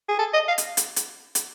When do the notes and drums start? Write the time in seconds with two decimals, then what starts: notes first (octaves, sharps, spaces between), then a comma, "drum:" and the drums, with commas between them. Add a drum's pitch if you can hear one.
0.09 G#4
0.19 A4
0.34 D#5
0.48 F5
0.58 drum: hi-hat
0.77 drum: hi-hat
0.96 drum: hi-hat
1.35 drum: hi-hat